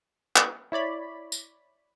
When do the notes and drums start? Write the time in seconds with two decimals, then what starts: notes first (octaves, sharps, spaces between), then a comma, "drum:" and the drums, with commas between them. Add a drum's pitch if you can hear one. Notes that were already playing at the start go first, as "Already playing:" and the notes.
0.36 drum: clap
0.72 E4 C#5 D5 B5
1.32 drum: tambourine